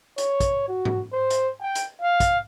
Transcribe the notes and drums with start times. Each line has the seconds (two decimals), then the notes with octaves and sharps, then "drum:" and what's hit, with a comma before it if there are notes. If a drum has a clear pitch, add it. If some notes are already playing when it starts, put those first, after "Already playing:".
0.18 C#5, drum: hi-hat
0.40 drum: kick, hi-hat
0.68 F#4
0.85 drum: tom G#2
1.13 C5
1.30 drum: hi-hat
1.61 G5
1.75 drum: hi-hat
2.01 F5
2.20 drum: kick, hi-hat